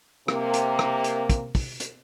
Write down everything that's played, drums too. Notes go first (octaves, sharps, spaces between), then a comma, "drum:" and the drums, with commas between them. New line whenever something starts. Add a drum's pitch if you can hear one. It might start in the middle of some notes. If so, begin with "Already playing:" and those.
C3 A#3, drum: rim click
drum: hi-hat
drum: rim click
drum: hi-hat
drum: kick, hi-hat
drum: kick, open hi-hat
drum: hi-hat